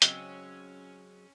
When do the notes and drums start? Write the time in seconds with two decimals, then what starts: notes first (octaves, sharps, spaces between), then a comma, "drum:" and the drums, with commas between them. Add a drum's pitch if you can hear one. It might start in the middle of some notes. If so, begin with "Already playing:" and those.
0.02 C#3 F#3 G#3 C4 C#4 E6, drum: hi-hat